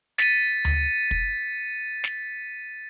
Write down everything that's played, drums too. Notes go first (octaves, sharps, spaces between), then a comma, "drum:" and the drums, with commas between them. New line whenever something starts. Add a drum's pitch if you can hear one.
A6 B6 C#7 D#7, drum: snare
drum: tom D2
drum: kick
drum: snare